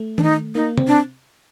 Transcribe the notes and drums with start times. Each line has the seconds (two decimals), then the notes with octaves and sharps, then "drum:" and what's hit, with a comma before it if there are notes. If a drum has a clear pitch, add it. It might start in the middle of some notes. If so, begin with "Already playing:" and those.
Already playing: A3
0.18 D4, drum: tom D#3
0.23 D#4
0.55 A#3 D#4
0.78 C4, drum: tom C3
0.87 D4